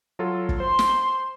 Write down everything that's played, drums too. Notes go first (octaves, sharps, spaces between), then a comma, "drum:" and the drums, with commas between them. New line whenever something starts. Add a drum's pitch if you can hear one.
F#3 F4 A4
drum: kick
C5 C6
drum: snare